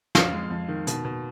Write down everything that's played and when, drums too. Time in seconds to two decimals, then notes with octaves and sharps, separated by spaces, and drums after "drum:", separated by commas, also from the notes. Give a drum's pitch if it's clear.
0.15 F2 F5, drum: snare
0.33 G#3
0.50 F2
0.68 D#3
0.87 B2, drum: hi-hat
1.05 B2